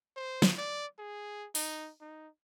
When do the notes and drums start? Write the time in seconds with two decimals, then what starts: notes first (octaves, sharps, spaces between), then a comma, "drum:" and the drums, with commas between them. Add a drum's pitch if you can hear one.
0.16 C5
0.42 drum: snare
0.58 D5
0.98 G#4
1.55 D#4, drum: open hi-hat
2.01 D#4